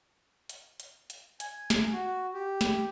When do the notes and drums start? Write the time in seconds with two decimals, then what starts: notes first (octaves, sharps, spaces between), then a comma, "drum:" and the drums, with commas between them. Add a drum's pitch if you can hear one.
0.49 drum: hi-hat
0.80 drum: hi-hat
1.10 drum: hi-hat
1.40 G#5, drum: hi-hat
1.70 drum: snare
1.93 F#4
2.34 G4
2.61 drum: snare